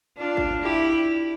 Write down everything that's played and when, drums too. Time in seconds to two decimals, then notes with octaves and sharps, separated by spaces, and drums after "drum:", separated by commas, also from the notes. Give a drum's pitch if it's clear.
0.18 D4 F4
0.37 drum: kick
0.62 E4 G4